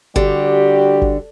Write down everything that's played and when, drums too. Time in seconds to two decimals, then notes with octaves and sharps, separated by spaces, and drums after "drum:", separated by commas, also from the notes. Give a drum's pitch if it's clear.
0.16 D3 G3 F#4 G4, drum: kick G1
1.02 drum: kick G1